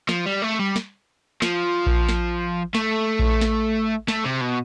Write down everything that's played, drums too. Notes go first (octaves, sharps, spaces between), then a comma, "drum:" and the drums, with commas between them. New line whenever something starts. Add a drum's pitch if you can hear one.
F3, drum: snare
G3
A3
G3
drum: snare
F3, drum: snare
drum: kick A#1
drum: snare
A3, drum: snare
drum: kick A#1
drum: snare
A3, drum: snare
C3
B2